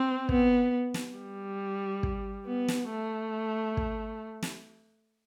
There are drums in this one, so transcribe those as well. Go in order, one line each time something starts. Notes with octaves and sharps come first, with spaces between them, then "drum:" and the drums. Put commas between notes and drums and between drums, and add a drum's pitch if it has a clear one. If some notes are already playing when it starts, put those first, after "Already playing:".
Already playing: C4
B3, drum: kick
drum: snare
G3
drum: kick
B3
drum: snare
A3
drum: kick
drum: snare